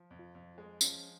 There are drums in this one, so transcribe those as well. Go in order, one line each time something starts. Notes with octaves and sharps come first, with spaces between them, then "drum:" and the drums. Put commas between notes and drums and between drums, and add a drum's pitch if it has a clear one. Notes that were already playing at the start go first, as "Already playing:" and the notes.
Already playing: F3
F2
F4
F2
G#3
F3 C#4, drum: tambourine